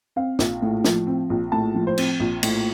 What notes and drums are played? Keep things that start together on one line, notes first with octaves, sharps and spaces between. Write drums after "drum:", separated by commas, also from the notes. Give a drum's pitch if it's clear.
C4 F5
A#1, drum: snare
A2
F3, drum: snare
C4
A#1
A2 A5
F3
C5
C4, drum: cymbal
A#1
A2, drum: cymbal